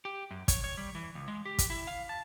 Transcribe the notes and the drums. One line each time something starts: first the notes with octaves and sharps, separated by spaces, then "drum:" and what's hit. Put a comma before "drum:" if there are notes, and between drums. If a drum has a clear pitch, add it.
G4
F#2
C#5, drum: kick, hi-hat
C#5
G3
E3
C#2
G#3
G4
drum: kick, hi-hat
E4
F5
A5